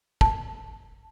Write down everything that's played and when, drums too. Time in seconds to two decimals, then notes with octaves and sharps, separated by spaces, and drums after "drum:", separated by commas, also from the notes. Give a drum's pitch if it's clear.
0.21 A5, drum: kick